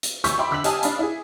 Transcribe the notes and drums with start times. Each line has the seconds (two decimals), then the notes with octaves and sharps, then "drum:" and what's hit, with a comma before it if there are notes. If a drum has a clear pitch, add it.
0.03 drum: hi-hat
0.24 D2 C#6 E6 G6 B6, drum: hi-hat
0.38 D#5 E5 G5 B5 C6 D6
0.51 D3 E6 B6 F#7
0.64 G4 D#5 F5 G#5 A5 D#6, drum: hi-hat
0.83 D4 D#5 F5 B5, drum: hi-hat
0.99 E4 G#4